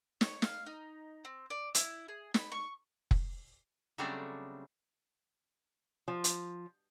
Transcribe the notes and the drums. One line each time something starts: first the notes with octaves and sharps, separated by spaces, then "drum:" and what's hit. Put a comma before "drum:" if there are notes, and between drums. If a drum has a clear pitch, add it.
C#5, drum: snare
F5, drum: snare
D#4
C4
D5
E4, drum: hi-hat
G#4
B5, drum: snare
C#6
drum: kick F1
C#3 F#3 G3 A3 C4 D4
F3
drum: hi-hat